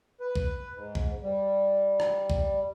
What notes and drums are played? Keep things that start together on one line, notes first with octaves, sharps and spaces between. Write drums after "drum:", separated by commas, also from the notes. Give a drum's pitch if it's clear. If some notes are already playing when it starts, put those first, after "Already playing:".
B4
drum: kick C2
G#2
drum: kick C2
G3
drum: rim click
drum: kick C2